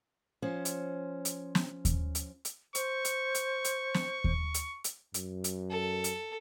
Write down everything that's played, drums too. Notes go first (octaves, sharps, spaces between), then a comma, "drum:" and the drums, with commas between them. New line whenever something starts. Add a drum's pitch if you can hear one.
F3 C#4 C5
drum: hi-hat
drum: hi-hat
drum: snare
drum: kick D#2, hi-hat
drum: hi-hat
drum: hi-hat
C5 C#6, drum: hi-hat
drum: hi-hat
drum: hi-hat
drum: hi-hat
drum: snare
drum: kick D#2
drum: hi-hat
drum: hi-hat
F#2, drum: hi-hat
drum: hi-hat
A4
drum: hi-hat